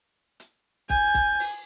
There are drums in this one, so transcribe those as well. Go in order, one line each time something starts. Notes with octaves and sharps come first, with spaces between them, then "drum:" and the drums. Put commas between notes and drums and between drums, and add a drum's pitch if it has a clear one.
drum: hi-hat
G#5 G6, drum: kick, hi-hat
drum: kick, hi-hat
drum: open hi-hat